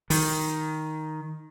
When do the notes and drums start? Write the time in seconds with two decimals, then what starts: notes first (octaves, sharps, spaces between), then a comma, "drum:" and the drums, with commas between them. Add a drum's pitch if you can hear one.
0.10 D#3, drum: open hi-hat